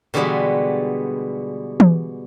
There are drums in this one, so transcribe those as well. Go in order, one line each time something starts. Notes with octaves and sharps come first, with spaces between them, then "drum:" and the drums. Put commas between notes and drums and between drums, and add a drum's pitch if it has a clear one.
B2 D3 E3 G3 G#3 B3
drum: tom E3